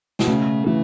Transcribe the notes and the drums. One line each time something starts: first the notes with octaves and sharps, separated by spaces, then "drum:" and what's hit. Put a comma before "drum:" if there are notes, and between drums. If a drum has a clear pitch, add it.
B2, drum: snare
C#3 A3
E3 A3